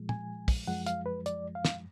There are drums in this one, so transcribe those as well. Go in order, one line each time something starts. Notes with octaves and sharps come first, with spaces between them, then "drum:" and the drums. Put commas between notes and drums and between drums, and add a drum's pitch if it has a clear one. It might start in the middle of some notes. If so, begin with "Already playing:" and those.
Already playing: A#2 F3 G#3
G#5, drum: tom
drum: kick, open hi-hat
F#2 F3 G#3 F#5
F5, drum: hi-hat
B4
D5, drum: hi-hat
F5
drum: snare